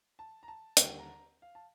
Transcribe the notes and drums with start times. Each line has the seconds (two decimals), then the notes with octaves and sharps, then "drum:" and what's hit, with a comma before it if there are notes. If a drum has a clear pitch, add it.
0.19 A5
0.43 A#5
0.48 A5
0.77 D#2 D3 G3 G5, drum: hi-hat
0.99 A#5
1.42 F5
1.55 A5